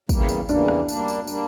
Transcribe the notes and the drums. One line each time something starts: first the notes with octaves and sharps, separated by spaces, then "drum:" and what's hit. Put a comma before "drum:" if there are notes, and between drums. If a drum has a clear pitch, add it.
E2 C#3 E3 G3 A#3, drum: kick, tambourine
drum: tambourine
E2 C#3 E3 G3 A#3 D4, drum: tambourine
drum: rim click
G3 A#3 D4, drum: tambourine
drum: tambourine
G3 A#3 D4, drum: tambourine